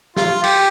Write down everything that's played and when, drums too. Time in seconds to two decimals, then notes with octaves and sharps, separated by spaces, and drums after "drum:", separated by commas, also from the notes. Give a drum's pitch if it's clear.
0.16 F4, drum: snare
0.44 G4, drum: cymbal